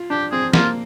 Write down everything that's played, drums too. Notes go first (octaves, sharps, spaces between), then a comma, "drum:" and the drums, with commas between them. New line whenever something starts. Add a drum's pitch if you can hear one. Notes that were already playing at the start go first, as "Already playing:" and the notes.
Already playing: F4
D4 G4
C4 G#4
A#3 F4, drum: snare